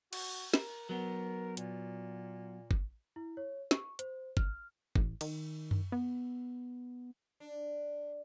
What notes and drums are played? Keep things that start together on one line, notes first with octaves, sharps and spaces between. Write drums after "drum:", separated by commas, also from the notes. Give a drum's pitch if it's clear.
F#4, drum: cymbal
A#4, drum: snare
F#3 B3 A#4
A#2, drum: hi-hat
drum: kick
E4
C#5
C#6, drum: snare
C5, drum: hi-hat
F6, drum: kick
A1, drum: kick
D#3, drum: cymbal
drum: tom F#2
B3
D4